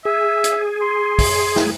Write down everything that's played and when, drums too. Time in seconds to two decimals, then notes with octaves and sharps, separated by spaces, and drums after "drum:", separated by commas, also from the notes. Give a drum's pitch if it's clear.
0.05 G#4 E5
0.44 drum: hi-hat
0.81 C6
1.19 drum: kick, open hi-hat
1.56 drum: snare